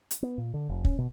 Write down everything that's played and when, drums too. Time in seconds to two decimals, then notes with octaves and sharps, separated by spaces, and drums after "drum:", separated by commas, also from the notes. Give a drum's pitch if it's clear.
0.11 drum: hi-hat
0.23 B3
0.38 A#2
0.54 D3
0.69 F1
0.84 C#4, drum: kick
0.98 B2